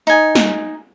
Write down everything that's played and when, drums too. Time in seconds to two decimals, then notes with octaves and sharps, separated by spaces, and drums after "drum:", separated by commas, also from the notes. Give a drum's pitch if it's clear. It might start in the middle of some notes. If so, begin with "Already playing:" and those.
0.07 D#4 G#5
0.35 drum: snare